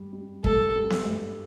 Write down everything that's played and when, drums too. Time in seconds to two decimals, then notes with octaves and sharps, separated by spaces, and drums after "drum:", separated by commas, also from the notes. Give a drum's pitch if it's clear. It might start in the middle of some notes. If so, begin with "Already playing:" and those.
Already playing: G2 G3
0.13 G3
0.44 G2 A4, drum: kick
0.75 G3
0.90 drum: snare B3
1.05 G2